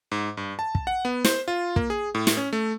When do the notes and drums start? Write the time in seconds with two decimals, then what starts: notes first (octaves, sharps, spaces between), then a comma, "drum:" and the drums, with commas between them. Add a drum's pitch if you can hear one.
0.12 G#2
0.37 G2
0.59 A5
0.75 drum: kick
0.87 F#5
1.05 B3
1.25 C5, drum: snare
1.48 F4
1.76 A#3, drum: kick
1.90 G#4
2.15 A2
2.27 drum: snare
2.37 C#4
2.53 A3